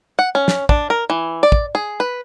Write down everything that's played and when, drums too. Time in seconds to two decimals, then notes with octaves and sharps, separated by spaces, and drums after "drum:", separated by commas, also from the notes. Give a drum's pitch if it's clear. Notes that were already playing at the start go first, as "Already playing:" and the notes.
0.19 F#5
0.35 C#4
0.48 drum: snare
0.69 D4, drum: kick
0.90 A#4
1.10 E3
1.43 D5
1.52 drum: kick
1.75 G#4
2.00 B4